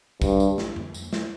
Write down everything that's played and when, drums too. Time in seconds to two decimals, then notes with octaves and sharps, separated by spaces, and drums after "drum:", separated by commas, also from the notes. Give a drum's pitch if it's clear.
0.22 G2, drum: kick, tambourine
0.40 drum: tambourine
0.58 drum: snare
0.76 drum: tom F2
0.94 drum: tambourine
1.13 drum: snare